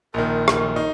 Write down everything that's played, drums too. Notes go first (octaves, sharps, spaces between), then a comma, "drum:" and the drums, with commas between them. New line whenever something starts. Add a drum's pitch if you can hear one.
A#1 D#3 A#4
drum: rim click
D#4